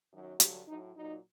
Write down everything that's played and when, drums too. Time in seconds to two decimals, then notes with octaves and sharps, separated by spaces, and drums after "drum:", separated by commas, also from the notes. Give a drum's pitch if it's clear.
0.12 F#2 D#3 F#3
0.40 G2 D3 F#3 G4, drum: hi-hat
0.68 A2 F#3 D#4
0.96 A#2 F#3 D#4